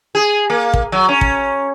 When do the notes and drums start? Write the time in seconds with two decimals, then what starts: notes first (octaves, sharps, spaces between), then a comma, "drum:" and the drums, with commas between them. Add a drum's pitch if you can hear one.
0.15 G#4
0.50 A#3
0.74 drum: kick
0.92 F#3
1.09 C#4
1.21 drum: kick